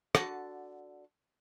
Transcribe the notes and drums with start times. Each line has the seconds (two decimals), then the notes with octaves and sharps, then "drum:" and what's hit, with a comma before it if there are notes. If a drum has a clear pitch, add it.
0.15 D3 F#4 F#5 A5, drum: rim click